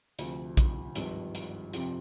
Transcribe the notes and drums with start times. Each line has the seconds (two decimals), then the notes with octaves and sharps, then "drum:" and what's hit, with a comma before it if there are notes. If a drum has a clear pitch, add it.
0.19 D2 C3 F3, drum: hi-hat
0.57 drum: kick A#1, hi-hat
0.95 G#1 G2 F3, drum: hi-hat
1.35 drum: hi-hat
1.73 F2 C3 F3, drum: hi-hat